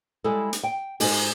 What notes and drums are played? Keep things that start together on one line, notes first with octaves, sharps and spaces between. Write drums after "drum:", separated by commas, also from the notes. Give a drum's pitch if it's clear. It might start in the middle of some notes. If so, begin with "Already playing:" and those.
G3 G#3 E4 G#4 A4
drum: hi-hat
G5
G#2 G#3 D#4 G#4 A4, drum: open hi-hat